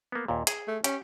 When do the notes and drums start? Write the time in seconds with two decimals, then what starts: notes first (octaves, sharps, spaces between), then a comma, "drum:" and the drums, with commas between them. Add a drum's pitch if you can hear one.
0.12 A#3 B3
0.28 D#2 A#2
0.47 G#4, drum: hi-hat
0.68 A3
0.84 C#4 G4, drum: hi-hat